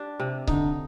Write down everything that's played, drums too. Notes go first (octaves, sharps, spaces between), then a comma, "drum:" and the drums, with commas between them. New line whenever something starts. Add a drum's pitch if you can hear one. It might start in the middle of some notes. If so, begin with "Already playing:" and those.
Already playing: D4 G4
C3
D3 D#4, drum: kick C#1